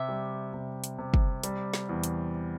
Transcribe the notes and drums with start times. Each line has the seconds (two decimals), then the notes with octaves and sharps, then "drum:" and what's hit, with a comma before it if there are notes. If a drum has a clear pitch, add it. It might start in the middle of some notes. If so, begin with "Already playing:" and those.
Already playing: C3 E5
0.09 G3
0.53 C3
0.84 drum: hi-hat
0.98 C3
1.14 drum: kick
1.43 G3, drum: hi-hat
1.74 drum: snare
1.89 E2
2.04 drum: hi-hat